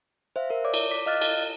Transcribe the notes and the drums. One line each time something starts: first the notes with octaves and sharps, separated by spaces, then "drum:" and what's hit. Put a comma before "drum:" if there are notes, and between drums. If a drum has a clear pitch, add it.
C5 E5 F5
A#4 E5
C#5 D5 D6
drum: cymbal
D6 B6
D#5 F5 F6 F#6 A6
drum: cymbal